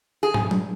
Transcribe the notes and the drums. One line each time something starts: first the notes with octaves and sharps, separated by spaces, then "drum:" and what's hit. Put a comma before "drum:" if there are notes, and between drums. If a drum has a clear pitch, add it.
G#4
drum: tom
drum: tom